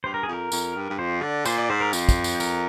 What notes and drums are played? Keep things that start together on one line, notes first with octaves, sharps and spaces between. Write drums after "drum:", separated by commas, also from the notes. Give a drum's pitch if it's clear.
G2 C5
A#4
G#4
F2 A#4
F2, drum: tambourine
G2
G2
F2 C5
D3 D5
A#2 C5, drum: tambourine
D5
G#2 C5
A#4
F2 C5, drum: tambourine
drum: kick, tambourine
drum: tambourine
A#4, drum: tambourine